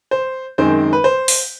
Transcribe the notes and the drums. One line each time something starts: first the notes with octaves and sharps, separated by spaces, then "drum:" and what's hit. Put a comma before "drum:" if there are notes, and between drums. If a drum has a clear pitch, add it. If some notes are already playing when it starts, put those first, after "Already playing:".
C5
F#2 D#3 G#3 C4 C5
B4
C5
drum: open hi-hat